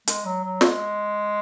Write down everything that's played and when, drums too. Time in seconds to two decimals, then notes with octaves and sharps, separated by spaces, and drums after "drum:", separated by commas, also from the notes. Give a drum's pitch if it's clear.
0.07 G#3, drum: hi-hat
0.25 F#3
0.43 F#3
0.61 G#3, drum: snare